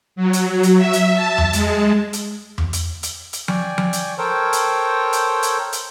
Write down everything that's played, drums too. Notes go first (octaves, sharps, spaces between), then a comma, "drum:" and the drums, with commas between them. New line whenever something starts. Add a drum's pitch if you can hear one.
F#3
drum: hi-hat
drum: hi-hat
E5
drum: hi-hat
A5
drum: tom E2
G#3, drum: hi-hat
drum: hi-hat
drum: tom E2
drum: hi-hat
drum: hi-hat
drum: hi-hat
D5 G5 G#5 C#6, drum: tom F3
drum: tom F3
drum: hi-hat
A4 A#4 C5 C#5 G5
drum: hi-hat
drum: hi-hat
drum: hi-hat
drum: hi-hat